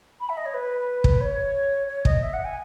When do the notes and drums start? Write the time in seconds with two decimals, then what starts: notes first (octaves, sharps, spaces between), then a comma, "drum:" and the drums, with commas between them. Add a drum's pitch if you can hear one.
0.20 B5
0.29 E5
0.37 D#5
0.45 C#5
0.54 B4
1.04 drum: kick
1.21 C#5
1.88 C#5
2.05 D#5, drum: kick
2.23 E5
2.33 F#5
2.44 G#5